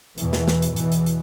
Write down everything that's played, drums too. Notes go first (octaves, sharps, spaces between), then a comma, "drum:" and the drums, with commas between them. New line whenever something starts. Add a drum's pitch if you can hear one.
E2 B2 E3, drum: hi-hat
drum: snare
drum: snare
drum: hi-hat
E2 B2 E3, drum: hi-hat
drum: hi-hat
drum: hi-hat